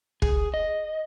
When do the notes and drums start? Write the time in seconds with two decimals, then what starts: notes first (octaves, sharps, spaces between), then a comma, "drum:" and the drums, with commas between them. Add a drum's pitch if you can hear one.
0.22 G#4, drum: kick
0.54 D#5